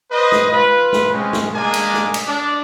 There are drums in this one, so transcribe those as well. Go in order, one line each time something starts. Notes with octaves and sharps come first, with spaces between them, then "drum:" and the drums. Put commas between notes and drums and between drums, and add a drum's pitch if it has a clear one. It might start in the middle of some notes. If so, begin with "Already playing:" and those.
B4 C5 D#5
drum: snare
F4 B4
drum: snare
G#3 C4 C#4
drum: snare
G#3 A#3 D4 G#5
drum: cymbal
drum: snare
drum: cymbal
D4